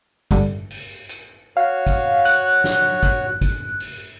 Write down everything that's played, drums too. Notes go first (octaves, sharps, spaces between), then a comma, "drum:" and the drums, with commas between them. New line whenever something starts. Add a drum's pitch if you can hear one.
G2 D3 G3, drum: kick, hi-hat
drum: open hi-hat
drum: hi-hat
F#4 C#5 F5
drum: kick, hi-hat
F#6, drum: hi-hat
drum: snare
drum: kick, hi-hat
drum: kick, hi-hat
drum: open hi-hat